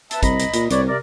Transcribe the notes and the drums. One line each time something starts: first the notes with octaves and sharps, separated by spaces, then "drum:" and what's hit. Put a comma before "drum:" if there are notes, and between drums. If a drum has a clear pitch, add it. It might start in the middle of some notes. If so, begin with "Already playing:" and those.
B4 E5 A5, drum: hi-hat
C2 D#5 A#5 B5, drum: kick, hi-hat
drum: hi-hat
A#2, drum: hi-hat
C2 B4 C#5 D5, drum: hi-hat
C3 A#4 D5